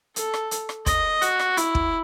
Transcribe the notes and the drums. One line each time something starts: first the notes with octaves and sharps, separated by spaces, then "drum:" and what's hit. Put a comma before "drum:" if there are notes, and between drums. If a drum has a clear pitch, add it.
A4, drum: hi-hat
drum: rim click
drum: hi-hat
drum: rim click
D#5, drum: kick, hi-hat
F#4, drum: hi-hat
drum: rim click
E4, drum: hi-hat
drum: kick